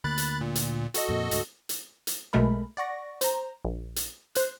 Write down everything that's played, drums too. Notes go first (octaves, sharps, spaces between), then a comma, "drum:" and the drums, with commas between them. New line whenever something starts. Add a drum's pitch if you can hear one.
D2 D3 A#3 B5 F#6 A6
drum: hi-hat
A#2
drum: hi-hat
F#4 A4 D#5, drum: hi-hat
F2 A#2
D2 G#2, drum: hi-hat
drum: hi-hat
drum: hi-hat
B1 B2 G#3 A3 A#4 B5
D5 F#5 C#6 A#6
C5 A#5, drum: hi-hat
A#1
drum: hi-hat
C5 F#6, drum: hi-hat